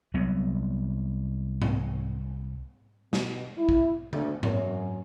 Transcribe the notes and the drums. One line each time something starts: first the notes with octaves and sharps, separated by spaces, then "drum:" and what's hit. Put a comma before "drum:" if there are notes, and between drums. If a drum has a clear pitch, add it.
C2 F#3 B3
drum: tom G#2
B2, drum: snare
E4
drum: kick
D2, drum: tom C#3
F#2, drum: tom G#2